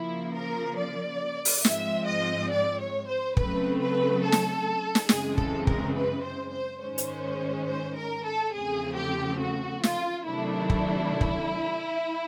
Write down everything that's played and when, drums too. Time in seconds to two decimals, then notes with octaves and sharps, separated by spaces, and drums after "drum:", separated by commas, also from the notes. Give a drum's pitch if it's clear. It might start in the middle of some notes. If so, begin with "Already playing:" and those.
Already playing: C#3 F3 A#3 E4
0.35 A#4
0.78 D5
1.45 drum: open hi-hat
1.65 G#2 F3 G#3 C4 E5, drum: snare
2.07 D#5
2.51 D5
2.79 C#5
3.08 C5
3.37 C#3 F#3 A3 C4 B4, drum: kick
3.80 B4
4.23 A4
4.32 drum: snare
4.95 drum: snare
5.09 F#2 C#3 E3 G#3 C4 G#4, drum: snare
5.38 A4, drum: kick
5.67 A#4, drum: kick
5.95 B4
6.24 C5
6.53 C5
6.82 G#2 D#3 G#3 C#4 C5
6.98 drum: hi-hat
7.67 C5
7.96 A#4
8.25 A4
8.54 E2 C#3 F3 A3 C4 G#4
8.97 G4
9.40 F#4
9.83 F4, drum: snare
10.26 C3 D#3 F#3 A3 D4 E4
10.70 drum: kick
11.21 drum: kick